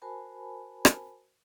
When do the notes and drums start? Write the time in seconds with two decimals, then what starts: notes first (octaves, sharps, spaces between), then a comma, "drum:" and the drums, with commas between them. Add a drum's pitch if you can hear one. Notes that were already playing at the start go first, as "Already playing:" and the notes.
0.02 F#4 A#4 C5 G#5 A5 B5
0.85 drum: rim click